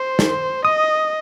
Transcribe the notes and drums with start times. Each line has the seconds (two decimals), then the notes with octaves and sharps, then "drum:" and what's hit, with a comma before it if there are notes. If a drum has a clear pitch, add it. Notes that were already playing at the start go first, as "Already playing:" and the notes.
Already playing: C5 C6
0.19 drum: snare
0.65 D#5 D#6